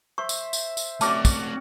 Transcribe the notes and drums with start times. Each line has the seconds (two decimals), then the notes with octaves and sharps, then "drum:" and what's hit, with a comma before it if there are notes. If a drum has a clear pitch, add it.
0.18 C5 E5 C#6
0.29 drum: tambourine
0.53 drum: tambourine
0.77 drum: tambourine
1.01 A3 C4 C#4 F#4 D5 A5 D6, drum: tambourine
1.25 drum: kick, tambourine